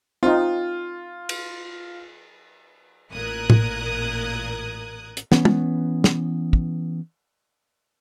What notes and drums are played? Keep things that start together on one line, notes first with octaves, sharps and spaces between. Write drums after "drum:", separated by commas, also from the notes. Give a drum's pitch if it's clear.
C4 D#4 F4
drum: cymbal
A1 A#2 A#4 D#6 F#6 G#6
drum: tom A2
drum: hi-hat
E3 B3 C#4, drum: snare
drum: tom
drum: snare
drum: kick